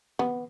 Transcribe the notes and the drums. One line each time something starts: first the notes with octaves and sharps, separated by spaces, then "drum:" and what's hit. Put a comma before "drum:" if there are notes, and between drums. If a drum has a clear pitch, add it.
B3, drum: tom